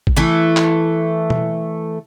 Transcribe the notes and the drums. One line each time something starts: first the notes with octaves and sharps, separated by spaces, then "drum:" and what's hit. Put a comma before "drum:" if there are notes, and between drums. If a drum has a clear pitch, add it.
drum: kick
E3 A3
drum: clap
drum: tom